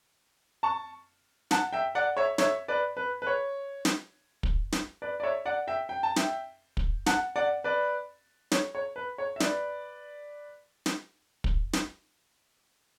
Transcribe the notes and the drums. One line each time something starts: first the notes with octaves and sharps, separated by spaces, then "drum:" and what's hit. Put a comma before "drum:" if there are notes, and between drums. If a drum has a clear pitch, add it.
A5 C#6
F#5 A5, drum: snare
E5 G5
D5 F#5
C#5 E5
C#5 E5, drum: snare
B4 D5
B4
B4
C#5
drum: snare
drum: kick
drum: snare
B4 D5
D5
C#5 E5
D5 F#5
E5 G5
G5
A5
E5 G5, drum: snare
drum: kick
F#5 A5, drum: snare
D5 F#5
B4 D5
C#5, drum: snare
C#5
B4
C#5
E5
B4 D5, drum: snare
drum: snare
drum: kick
drum: snare